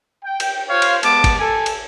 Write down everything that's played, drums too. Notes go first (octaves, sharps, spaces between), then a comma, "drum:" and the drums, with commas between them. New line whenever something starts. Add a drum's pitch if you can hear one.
G5
drum: cymbal
F4 C5 C#5 F5
drum: cymbal
G#3 B3 A5 D6, drum: cymbal
drum: kick, cymbal
A4 G#5
drum: cymbal